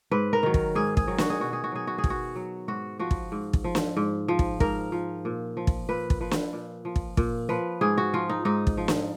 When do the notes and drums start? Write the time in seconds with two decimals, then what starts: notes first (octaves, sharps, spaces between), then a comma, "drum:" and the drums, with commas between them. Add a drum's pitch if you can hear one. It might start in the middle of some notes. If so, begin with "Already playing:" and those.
0.11 G#2 B4
0.33 A#4
0.43 D#3 F#3
0.54 drum: kick
0.75 G#2 G#4
0.97 G#4, drum: kick
1.07 D#3 F#3
1.18 F#4, drum: snare
1.30 G#4
1.40 B2 F#4
1.53 G#4
1.64 F#4
1.72 F#3 G#4
1.87 F#4
1.98 G#4
2.04 B2, drum: kick
2.10 F#4
2.36 F#3
2.68 G#2 F#4
2.99 F3 F#4
3.11 drum: kick
3.32 G#2
3.53 drum: kick
3.64 F3
3.75 drum: snare
3.97 G#2
4.28 F3
4.39 drum: kick
4.60 G#2 A#4, drum: kick
4.92 F3
5.25 A#2
5.57 F3
5.67 drum: kick
5.89 A#2 B4
6.10 drum: kick
6.21 F3 B4
6.31 drum: snare
6.53 A#2
6.85 F3
6.96 drum: kick
7.17 A#2, drum: kick
7.49 F3 B4
7.81 G#2 G#4
7.98 F#4
8.14 F3 F4
8.29 D#4
8.45 G#2 D#4
8.67 drum: kick
8.77 F3
8.88 drum: snare